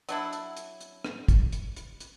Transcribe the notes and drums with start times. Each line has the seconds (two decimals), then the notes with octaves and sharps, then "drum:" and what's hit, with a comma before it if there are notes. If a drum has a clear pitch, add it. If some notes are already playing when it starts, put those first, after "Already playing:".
0.09 F#3 D4 E4, drum: hi-hat
0.33 drum: hi-hat
0.57 drum: hi-hat
0.81 drum: hi-hat
1.05 drum: rim click
1.28 drum: kick, hi-hat
1.52 drum: hi-hat
1.76 drum: hi-hat
2.00 drum: hi-hat